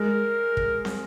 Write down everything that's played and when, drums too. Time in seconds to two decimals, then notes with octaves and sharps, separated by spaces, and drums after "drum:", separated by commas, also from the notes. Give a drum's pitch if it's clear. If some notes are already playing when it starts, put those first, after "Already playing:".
Already playing: G#3 A#4
0.57 drum: kick
0.85 drum: snare